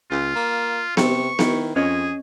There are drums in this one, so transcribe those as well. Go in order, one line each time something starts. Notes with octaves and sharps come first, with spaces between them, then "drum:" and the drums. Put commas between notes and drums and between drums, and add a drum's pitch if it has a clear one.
C#2 F4
A#3
C3 C#6, drum: snare B3
D#3 E4, drum: snare B3
F2 C#4 G#4 C#5 D#5